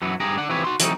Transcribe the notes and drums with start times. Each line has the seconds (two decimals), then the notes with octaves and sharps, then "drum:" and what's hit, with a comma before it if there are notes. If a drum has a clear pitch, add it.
0.02 F#2 E3 F#3 B3
0.20 G2 G4 G#4 A#5
0.37 D4 F#5
0.49 E3 F3 C4 G4 B4 C#5
0.64 F#4 C6
0.80 E3 F#3 C4 D#4, drum: hi-hat